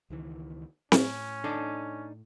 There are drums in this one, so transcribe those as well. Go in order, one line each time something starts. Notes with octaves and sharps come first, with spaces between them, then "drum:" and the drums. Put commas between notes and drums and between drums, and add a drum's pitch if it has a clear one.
C#2 D#3 E3
A2 C#4, drum: snare C4
D4 D#4 A4